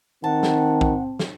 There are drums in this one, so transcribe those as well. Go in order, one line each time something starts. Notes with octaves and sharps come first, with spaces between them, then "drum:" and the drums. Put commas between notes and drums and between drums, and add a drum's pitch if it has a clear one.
D#3 C4 F#5 A5
drum: snare
drum: kick
drum: snare